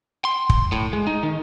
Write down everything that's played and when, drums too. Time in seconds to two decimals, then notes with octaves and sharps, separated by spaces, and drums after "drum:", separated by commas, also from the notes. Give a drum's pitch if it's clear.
0.25 C6
0.49 drum: kick
0.72 A2
0.93 G#3
1.07 D#4
1.23 D#3